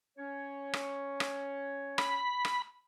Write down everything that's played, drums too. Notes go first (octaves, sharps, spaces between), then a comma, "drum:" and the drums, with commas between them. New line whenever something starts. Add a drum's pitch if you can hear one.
C#4 C#5
drum: rim click
drum: rim click
B5, drum: rim click
drum: rim click